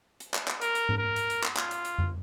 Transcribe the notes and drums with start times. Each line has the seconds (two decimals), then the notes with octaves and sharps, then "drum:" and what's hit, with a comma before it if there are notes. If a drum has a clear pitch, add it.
0.20 drum: hi-hat
0.34 drum: clap
0.48 drum: clap
0.61 A#4, drum: hi-hat
0.75 drum: hi-hat
0.89 drum: tom G#2
0.98 A#4
1.16 drum: hi-hat
1.30 drum: hi-hat
1.44 drum: clap
1.57 F4, drum: clap
1.71 drum: hi-hat
1.85 drum: hi-hat
1.98 drum: tom F2